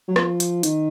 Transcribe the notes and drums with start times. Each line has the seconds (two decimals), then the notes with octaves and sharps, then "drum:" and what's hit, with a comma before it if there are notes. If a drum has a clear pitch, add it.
0.08 F#3
0.16 F3, drum: rim click
0.40 drum: hi-hat
0.63 D#3, drum: hi-hat